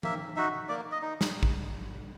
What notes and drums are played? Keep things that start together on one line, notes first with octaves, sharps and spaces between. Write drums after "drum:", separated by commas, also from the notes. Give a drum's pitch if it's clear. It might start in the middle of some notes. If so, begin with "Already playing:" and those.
A#3 E5, drum: tom F3
D#4 F#4 E5
A#3 D5
D#5
D#4
drum: snare
drum: kick